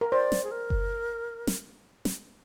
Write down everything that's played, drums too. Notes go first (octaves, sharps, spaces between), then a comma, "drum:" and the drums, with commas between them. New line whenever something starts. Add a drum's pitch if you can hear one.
A#4
C5 D5
drum: snare
G#4
A#4
drum: kick F#1
drum: snare
drum: snare